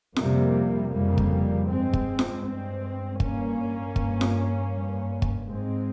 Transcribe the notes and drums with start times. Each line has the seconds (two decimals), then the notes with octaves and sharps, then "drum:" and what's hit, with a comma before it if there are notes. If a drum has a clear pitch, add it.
0.16 F2 C3 G3 A#3, drum: snare F4
0.92 F2 C#3 G3 A#3
1.18 drum: kick
1.68 G2 G#3 C4
1.93 drum: kick
2.19 drum: snare F4
2.44 G2 G#3 C4
3.20 G2 A#3 C#4, drum: kick
3.96 G2, drum: kick
4.21 drum: snare F4
4.71 G2
5.22 drum: kick
5.47 G#2 G#3 C4